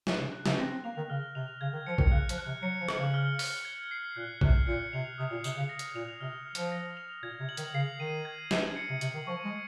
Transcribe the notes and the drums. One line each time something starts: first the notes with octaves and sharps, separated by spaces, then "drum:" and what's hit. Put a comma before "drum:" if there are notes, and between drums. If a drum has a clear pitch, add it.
A#2 F#6, drum: snare
C3
F#6
C#3, drum: snare
C4 A#6
C4
A#3 F7
D#3
C#3 F6
C3 F7
C#3 G#6
D#3
F3 C#7
D#3, drum: kick A#1
C#3 F#6
F3, drum: hi-hat
F#6
C3
F#3 C#7
F3
F#7, drum: rim click
C#3
F6
F6, drum: open hi-hat
G#6
C7
A#2 F#6
C3 F#6, drum: kick A#1
A#2 C#7
C3 F7
C3 D#6
A#2
C3 D#6, drum: tambourine
C#3
A#6
drum: hi-hat
A#2 F7
C3 F6
F6
F3, drum: hi-hat
A#6
F7
A#2 G#6
C3
F#7
D#3, drum: hi-hat
C#3 C7
D#3 D#7
G#6
G#6, drum: snare
C#7
C3
C3 F#7, drum: hi-hat
D#3
F3 C#6
G#3